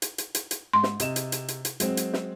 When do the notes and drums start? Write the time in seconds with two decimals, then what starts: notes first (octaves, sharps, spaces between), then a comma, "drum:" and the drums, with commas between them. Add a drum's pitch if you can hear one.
0.02 drum: hi-hat
0.18 drum: hi-hat
0.35 drum: hi-hat
0.51 drum: hi-hat
0.73 G#2 C6
0.83 drum: snare
1.00 C3 D#5 E7, drum: hi-hat
1.16 drum: hi-hat
1.32 drum: hi-hat
1.48 drum: hi-hat
1.65 drum: hi-hat
1.80 F#3 G#3 C4, drum: hi-hat
1.97 drum: hi-hat
2.13 drum: snare